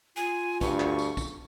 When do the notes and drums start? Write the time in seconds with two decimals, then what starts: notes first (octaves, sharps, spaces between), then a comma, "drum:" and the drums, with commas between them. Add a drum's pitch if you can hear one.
0.16 F4 G#5
0.61 D2 G2 C#6, drum: kick, tambourine
0.80 drum: clap
0.99 drum: tambourine
1.17 drum: kick, tambourine